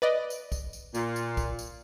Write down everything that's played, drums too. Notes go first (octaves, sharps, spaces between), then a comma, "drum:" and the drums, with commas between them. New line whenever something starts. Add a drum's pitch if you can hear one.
B4 D5 D#5
drum: tambourine
drum: kick, tambourine
drum: tambourine
A#2, drum: tambourine
drum: tambourine
drum: kick, tambourine
drum: tambourine